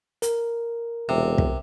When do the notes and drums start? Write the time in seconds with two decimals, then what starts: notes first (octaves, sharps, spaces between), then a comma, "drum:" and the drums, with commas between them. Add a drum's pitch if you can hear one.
0.22 A#4, drum: hi-hat
1.09 E1 C3
1.38 drum: kick